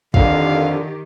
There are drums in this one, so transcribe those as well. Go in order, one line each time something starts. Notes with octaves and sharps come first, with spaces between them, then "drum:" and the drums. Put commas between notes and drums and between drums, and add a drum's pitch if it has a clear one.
F2 D3 D#3 G4 F5, drum: kick